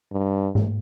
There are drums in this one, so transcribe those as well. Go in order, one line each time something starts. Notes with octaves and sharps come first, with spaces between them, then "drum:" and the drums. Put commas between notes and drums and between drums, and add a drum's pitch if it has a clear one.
G2
drum: tom G#2